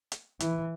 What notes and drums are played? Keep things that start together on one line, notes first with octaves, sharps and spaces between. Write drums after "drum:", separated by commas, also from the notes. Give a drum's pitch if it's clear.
drum: hi-hat
E3, drum: hi-hat